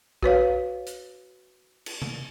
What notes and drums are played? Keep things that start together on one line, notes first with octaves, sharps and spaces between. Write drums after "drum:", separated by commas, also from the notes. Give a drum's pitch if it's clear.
F#4 B4 C#5 F5, drum: kick A#1
drum: hi-hat
drum: cymbal
drum: tom C3